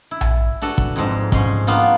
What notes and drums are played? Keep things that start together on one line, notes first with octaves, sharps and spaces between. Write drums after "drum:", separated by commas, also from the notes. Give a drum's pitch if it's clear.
E4
drum: tom A#1
D4 F#4 A4 B4
drum: kick
F2 G#2
G#2 C#4 C6, drum: kick
A#3 B3 D4 F4